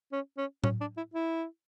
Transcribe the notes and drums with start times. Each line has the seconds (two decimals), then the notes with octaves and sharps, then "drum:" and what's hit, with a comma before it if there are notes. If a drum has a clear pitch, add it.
0.12 C#4
0.37 C#4
0.64 C#4, drum: tom A2
0.81 D4
0.97 E4
1.14 E4